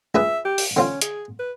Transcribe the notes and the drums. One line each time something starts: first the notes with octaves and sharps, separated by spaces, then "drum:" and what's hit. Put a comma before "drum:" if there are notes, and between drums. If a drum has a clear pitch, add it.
C#2 G#4 B4 E5
G4
drum: open hi-hat
D3 C4 C#4 F4
G#4, drum: hi-hat
B4